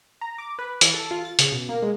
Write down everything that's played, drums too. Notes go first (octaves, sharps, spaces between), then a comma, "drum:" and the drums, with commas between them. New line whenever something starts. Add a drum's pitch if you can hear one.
A#5
D6
B4
E3, drum: hi-hat
A4
F4
A6
C#3, drum: hi-hat
B2
A#3
G#3